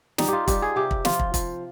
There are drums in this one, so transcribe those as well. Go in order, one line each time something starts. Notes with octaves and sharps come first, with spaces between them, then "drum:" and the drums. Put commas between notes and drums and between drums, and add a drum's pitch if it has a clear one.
G3 D#4, drum: snare
F4 G4
G3 G4, drum: kick, hi-hat
G#4
C3 G4
drum: kick
F3 F4, drum: snare
drum: kick
F3, drum: kick, hi-hat